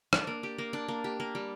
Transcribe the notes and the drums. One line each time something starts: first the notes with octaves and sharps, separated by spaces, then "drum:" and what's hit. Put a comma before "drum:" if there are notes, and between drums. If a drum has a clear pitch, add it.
D4, drum: rim click
A#3
G4
A#3
D4
A#3
G4
A#3
G3